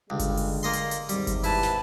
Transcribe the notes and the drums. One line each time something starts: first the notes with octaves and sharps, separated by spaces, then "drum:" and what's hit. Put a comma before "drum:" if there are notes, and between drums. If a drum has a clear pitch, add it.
C#2 D3 G3 G#3
drum: kick G1, hi-hat
drum: open hi-hat
A#3 D#5 C6
drum: hi-hat
drum: hi-hat
D#2 G#2 C3 G3, drum: hi-hat
drum: kick G1, hi-hat
E4 B4 A5, drum: open hi-hat
drum: snare